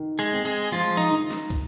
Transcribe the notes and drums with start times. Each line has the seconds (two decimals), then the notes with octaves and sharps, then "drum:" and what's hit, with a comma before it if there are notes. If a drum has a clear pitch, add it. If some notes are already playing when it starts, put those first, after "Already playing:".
Already playing: D#3
0.19 G#3 G#4
0.33 C4
0.45 G#3 G#4
0.72 F3 G#3 F4
0.97 D#4
1.11 D#3
1.31 drum: snare
1.50 drum: kick